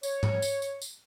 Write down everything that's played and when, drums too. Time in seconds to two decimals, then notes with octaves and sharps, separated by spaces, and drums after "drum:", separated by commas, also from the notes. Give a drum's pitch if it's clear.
0.03 C#5, drum: tambourine
0.23 drum: tom G#2
0.42 drum: tambourine
0.62 drum: tambourine
0.82 drum: tambourine